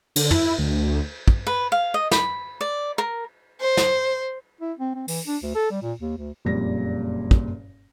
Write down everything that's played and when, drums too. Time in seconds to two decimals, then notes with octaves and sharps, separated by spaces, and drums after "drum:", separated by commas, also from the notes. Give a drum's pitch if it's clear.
0.16 D3, drum: cymbal
0.31 E4, drum: tom
0.59 D2
1.28 drum: kick
1.47 B4
1.72 F5
1.94 D#5
2.11 B5, drum: snare
2.61 D5
2.98 A#4
3.61 C5
3.77 drum: snare
4.61 E4
4.79 C4
4.95 C4
5.08 E3, drum: open hi-hat
5.27 D4
5.43 D2
5.55 A4
5.71 G3
5.82 A#2
6.00 D#2
6.17 D2
6.45 F#1 F2 A#2 G3 A#6
7.31 drum: kick